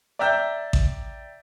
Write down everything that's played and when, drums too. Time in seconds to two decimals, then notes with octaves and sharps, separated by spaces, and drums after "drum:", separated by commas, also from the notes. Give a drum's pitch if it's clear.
0.19 D5 E5 G5 A#5 E6 G6
0.73 drum: kick A1